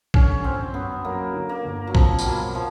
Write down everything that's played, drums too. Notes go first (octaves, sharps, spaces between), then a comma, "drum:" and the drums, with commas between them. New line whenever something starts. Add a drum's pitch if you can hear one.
D3 C#4, drum: kick A#1
G1 C4
F#2 B3
F#3 A#3
D3
A#3
G1
F#3
F3 C4, drum: kick A#1
G3, drum: tambourine
B2 F#3
F3